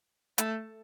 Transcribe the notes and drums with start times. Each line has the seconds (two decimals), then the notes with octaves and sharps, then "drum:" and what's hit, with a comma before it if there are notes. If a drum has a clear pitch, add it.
0.38 A3, drum: hi-hat